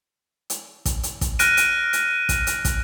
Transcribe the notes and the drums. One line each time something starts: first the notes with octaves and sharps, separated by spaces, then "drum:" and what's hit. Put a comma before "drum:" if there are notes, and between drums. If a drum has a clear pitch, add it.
drum: hi-hat
drum: kick, hi-hat
drum: hi-hat
drum: kick, hi-hat
F6 F#6 A#6 D7 D#7, drum: hi-hat
drum: hi-hat
drum: hi-hat
drum: kick, hi-hat
drum: hi-hat
drum: kick, hi-hat